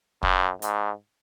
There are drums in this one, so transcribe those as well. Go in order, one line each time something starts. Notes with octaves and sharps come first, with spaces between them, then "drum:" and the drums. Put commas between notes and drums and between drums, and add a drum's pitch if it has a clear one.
F#2, drum: kick
G#2, drum: hi-hat